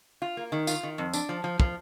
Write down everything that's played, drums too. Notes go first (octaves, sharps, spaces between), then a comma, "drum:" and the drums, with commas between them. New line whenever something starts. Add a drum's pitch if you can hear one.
F4
A#3
D#3
F4, drum: tambourine
D#3
F2
D4, drum: tambourine
F3
F3
F3, drum: kick